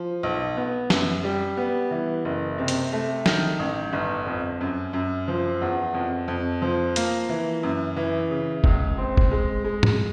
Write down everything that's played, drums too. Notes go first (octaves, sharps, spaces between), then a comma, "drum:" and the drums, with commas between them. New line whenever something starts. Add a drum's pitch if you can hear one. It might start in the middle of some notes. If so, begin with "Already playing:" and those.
Already playing: F3
B1
B3
F#2, drum: snare
G3
B3
E3
F#1
C3
drum: hi-hat
A3
D#3, drum: snare
A1
G1
F2
F#2
F#2
F3
E2
F2
F2
F3
A#3, drum: hi-hat
E3
F#2
E3
C#3
C#2, drum: kick
C4
drum: kick
G#3
G#3
drum: tom G#2